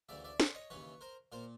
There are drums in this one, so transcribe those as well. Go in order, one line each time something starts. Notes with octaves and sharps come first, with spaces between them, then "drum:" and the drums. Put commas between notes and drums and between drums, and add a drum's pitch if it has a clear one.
D2 C#3 E3 D5 E5
D5 E5
C5 D5, drum: snare
C#5 D#5
D#2 C#3 E3 B4 C#5
A#4 C5
A#2 A#4 C5